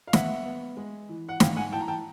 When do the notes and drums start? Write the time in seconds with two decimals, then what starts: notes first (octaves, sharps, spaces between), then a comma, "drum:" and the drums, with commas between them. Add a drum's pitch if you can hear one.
0.07 F5
0.13 B3 E5 F#5, drum: snare
0.45 B3
0.77 G#3
1.09 E3
1.29 F#5
1.40 G#2 F5 G5, drum: snare
1.56 F#5 G#5
1.72 E3 G5 A5
1.80 A#5
1.88 G5 A5